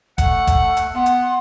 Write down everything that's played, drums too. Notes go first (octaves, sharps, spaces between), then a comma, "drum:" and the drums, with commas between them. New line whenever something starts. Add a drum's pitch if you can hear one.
A3 F#5, drum: kick F1, hi-hat
drum: kick F1, hi-hat
drum: hi-hat
B3 F#5 C6
drum: hi-hat